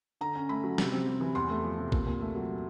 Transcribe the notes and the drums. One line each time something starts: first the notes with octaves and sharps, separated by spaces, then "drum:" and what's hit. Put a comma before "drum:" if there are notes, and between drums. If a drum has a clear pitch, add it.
D3 A#5
C#4
A3 B5
F#3
C3, drum: snare
C4
G3
E3
E2 C6
A3
F3
C3
A#2, drum: kick
A#2
A3
F#3